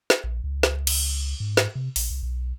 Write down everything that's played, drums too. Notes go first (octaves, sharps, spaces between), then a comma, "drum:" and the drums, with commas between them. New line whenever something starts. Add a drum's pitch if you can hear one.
drum: snare
A#1
C#2
drum: snare
drum: cymbal
G#2
drum: snare
C3
A#1, drum: open hi-hat
C2
B1